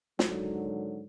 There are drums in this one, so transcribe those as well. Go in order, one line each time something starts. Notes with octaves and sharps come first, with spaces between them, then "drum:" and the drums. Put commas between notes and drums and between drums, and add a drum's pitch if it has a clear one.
G#2 D3 D#3 F#3, drum: snare